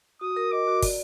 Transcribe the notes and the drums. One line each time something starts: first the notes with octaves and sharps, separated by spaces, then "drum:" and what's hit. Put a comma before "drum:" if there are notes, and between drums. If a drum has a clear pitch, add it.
F#4 D#6
A#4
D#5 D6
F#4
D5, drum: kick, open hi-hat